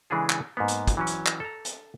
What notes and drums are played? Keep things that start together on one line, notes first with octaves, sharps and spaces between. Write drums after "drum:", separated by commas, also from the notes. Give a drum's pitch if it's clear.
C#3 E3 G#3 D4 G#4 A4
drum: clap
G#2 A#3 B3
drum: hi-hat
drum: kick, hi-hat
E3 F#3 C#4
drum: hi-hat
drum: clap
A4 A#5
drum: hi-hat